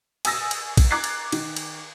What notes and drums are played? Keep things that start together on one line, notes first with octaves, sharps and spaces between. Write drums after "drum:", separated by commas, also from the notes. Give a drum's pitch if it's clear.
G#5 D#6 E6 A6 A#6, drum: cymbal
drum: cymbal
drum: kick A#1, cymbal
A#5 D6 F#6 G#6 A6 C7
drum: cymbal
D#3, drum: cymbal
drum: cymbal